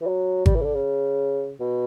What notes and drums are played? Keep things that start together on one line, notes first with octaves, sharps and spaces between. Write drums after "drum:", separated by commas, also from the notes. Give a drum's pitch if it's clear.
E3
F#3
G3, drum: kick G#1
E3
C#3
D3
C#3
B2